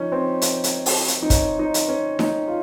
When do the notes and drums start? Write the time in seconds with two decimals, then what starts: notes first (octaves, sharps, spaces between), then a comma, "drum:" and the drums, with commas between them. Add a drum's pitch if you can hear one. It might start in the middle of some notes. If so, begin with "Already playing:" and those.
Already playing: C#3 F3 C#4 D#4
0.12 C4
0.42 drum: hi-hat
0.64 drum: hi-hat
0.86 drum: open hi-hat
1.08 drum: hi-hat
1.23 D#4
1.30 C#4, drum: kick, hi-hat
1.59 D#4
1.74 drum: hi-hat
1.89 C#4
2.19 D#4, drum: snare D#4
2.48 F4